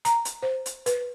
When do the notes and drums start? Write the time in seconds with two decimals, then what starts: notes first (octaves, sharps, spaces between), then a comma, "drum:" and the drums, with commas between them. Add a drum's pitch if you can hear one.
0.05 A#5, drum: hi-hat
0.25 drum: hi-hat
0.43 C5
0.66 drum: hi-hat
0.86 B4, drum: hi-hat